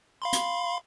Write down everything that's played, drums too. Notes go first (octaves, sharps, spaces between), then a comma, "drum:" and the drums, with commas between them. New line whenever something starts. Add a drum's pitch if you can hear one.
F5 B5 C6
drum: hi-hat